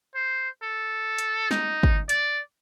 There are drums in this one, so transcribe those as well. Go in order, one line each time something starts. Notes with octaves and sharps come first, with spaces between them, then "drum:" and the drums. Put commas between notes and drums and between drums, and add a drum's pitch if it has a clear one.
C5
A4
drum: hi-hat
D#4, drum: snare
drum: kick
D5, drum: hi-hat